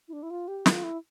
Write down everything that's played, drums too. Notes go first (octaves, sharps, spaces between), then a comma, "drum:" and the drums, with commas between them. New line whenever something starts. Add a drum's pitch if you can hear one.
E4
D4
E4
F4
G4
F4, drum: snare
E4